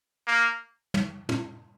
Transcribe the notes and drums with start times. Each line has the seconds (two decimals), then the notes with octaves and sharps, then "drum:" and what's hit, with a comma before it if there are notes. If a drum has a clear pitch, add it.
0.27 A#3
0.94 drum: tom
1.29 drum: tom